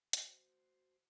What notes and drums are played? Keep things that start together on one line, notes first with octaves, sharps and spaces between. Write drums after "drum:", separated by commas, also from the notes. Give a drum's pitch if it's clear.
F#4 C5, drum: hi-hat